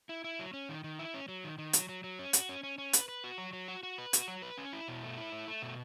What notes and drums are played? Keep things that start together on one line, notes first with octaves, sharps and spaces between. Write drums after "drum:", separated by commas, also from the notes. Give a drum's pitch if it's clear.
E4
E4
F#3
C#4
D#3
D#3
E4
C#4
F#3
D#3
D#3
F#3, drum: hi-hat
F#3
F#3
C#4
F#4, drum: hi-hat
C#4
C#4
C#4
B4, drum: hi-hat
B4
F#4
F#3
F#3
F#4
F#4
B4
F#4, drum: hi-hat
F#3
B4
C#4
E4
B2
A3
E4
A3
A3
B2